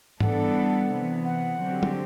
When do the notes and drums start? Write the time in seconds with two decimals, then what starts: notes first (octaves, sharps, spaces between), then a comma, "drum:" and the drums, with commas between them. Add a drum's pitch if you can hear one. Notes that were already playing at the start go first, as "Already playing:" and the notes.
0.20 E3 G3 B3 D4 A4 F#5, drum: tom G#2
0.90 C3 E3 B3
1.25 F#5
1.59 D3 F#3 C4 G4
1.83 drum: tom